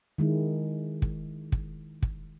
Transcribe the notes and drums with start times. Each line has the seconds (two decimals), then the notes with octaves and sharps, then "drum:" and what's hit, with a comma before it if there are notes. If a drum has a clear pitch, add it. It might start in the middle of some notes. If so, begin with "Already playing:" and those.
0.18 D#3 G#3 E4
1.02 drum: kick
1.52 drum: kick
2.02 drum: kick